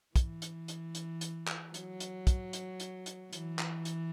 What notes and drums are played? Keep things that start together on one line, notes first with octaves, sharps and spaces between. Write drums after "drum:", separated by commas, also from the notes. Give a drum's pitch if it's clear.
E3, drum: kick, hi-hat
drum: hi-hat
drum: hi-hat
drum: hi-hat
drum: hi-hat
drum: clap
F#3, drum: hi-hat
drum: hi-hat
drum: kick, hi-hat
drum: hi-hat
drum: hi-hat
drum: hi-hat
E3, drum: hi-hat
drum: clap
drum: hi-hat